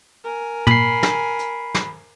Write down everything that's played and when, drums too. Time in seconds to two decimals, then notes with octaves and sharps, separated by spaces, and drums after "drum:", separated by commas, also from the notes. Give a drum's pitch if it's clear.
0.24 A#4 G#5
0.67 A#2 B5 C7, drum: tom
1.03 drum: snare
1.39 drum: hi-hat
1.75 drum: snare